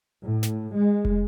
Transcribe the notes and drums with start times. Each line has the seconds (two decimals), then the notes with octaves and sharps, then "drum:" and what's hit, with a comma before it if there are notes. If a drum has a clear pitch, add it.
0.22 A2
0.43 drum: snare
0.74 G#3
1.05 drum: kick F1